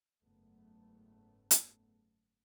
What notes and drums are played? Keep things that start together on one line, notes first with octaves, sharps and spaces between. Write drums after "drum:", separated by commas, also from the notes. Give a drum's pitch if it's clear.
F#1 G#2 A3 B3
drum: hi-hat